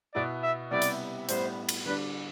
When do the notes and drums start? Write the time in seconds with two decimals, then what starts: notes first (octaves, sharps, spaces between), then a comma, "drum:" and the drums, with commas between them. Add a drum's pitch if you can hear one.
0.14 B2 B3 E4 D5
0.43 E5
0.71 C3 G3 B3 E4 D5
0.82 drum: hi-hat
1.29 A2 G3 B3 C5, drum: hi-hat
1.69 drum: cymbal
1.86 D3 G3 D4 B4